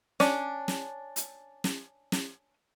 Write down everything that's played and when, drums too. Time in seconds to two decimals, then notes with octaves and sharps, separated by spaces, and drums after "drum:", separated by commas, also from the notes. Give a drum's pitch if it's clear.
0.20 C#4 D4 D5, drum: snare
0.68 drum: snare
1.16 drum: hi-hat
1.64 drum: snare
2.12 drum: snare